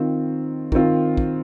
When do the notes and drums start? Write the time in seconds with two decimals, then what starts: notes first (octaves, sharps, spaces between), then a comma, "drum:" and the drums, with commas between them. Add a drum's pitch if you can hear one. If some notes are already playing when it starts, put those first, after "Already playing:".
Already playing: D#3 C4 F4
0.72 D#3 C4 F4, drum: kick
1.17 drum: kick